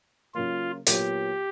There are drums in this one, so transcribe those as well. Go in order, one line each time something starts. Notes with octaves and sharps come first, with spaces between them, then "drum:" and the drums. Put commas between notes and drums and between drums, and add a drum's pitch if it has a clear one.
C#3 F#3 A#3 F4
A#2 F#3 B3 G4, drum: hi-hat